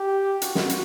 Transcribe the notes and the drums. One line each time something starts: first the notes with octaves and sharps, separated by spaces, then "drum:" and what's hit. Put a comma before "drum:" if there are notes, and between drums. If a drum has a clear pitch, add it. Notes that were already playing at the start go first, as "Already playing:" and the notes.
Already playing: G4
F#4, drum: hi-hat
drum: snare
drum: hi-hat